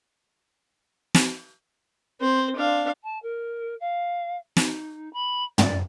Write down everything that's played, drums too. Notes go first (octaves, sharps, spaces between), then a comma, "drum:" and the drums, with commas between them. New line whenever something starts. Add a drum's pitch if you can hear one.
drum: snare
C4 C5
D4 F5
A5
A#4
F5
D#4, drum: snare
B5
D5, drum: tom